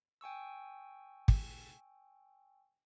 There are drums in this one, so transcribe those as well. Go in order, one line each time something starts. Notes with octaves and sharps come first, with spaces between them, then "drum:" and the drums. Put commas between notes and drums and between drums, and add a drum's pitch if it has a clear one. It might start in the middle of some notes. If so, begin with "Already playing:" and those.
G5 G#5 C#6 E6
drum: kick